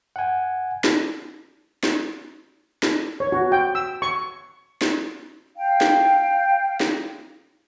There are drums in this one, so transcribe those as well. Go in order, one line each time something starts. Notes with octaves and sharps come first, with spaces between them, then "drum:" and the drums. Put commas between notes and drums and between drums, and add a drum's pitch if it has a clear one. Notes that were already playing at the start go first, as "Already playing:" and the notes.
F#5 G#5
drum: snare
drum: snare
drum: snare
C#5
F#4
G5
E6
C#6
drum: snare
F5 G5
drum: snare
drum: snare